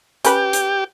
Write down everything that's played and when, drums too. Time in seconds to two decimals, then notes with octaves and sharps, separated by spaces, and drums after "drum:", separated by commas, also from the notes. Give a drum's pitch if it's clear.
0.25 C#4 G4 B4, drum: hi-hat
0.53 drum: hi-hat